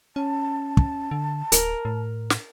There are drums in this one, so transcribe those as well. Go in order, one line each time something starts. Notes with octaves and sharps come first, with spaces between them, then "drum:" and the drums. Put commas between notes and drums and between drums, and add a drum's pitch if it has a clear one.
C#4 A5
drum: kick
D3
D1 A#4, drum: hi-hat
A2
drum: snare